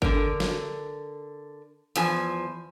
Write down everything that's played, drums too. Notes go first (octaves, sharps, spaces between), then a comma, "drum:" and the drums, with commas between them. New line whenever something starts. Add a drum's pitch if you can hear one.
D3 A#4, drum: kick G1
drum: snare
E2 F3 G#5, drum: hi-hat